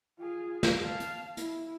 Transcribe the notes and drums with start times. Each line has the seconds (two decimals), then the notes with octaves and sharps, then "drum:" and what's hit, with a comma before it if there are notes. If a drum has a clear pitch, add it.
0.20 F4 G#4
0.63 drum: snare
0.82 F5 A5
1.00 drum: hi-hat
1.37 E4, drum: hi-hat